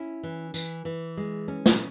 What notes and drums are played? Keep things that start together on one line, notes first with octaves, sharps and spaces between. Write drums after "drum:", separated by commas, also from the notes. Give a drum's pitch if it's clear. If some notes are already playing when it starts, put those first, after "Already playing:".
Already playing: C#4 E4
E3
E3, drum: tambourine
E3
G#3
C#4
drum: snare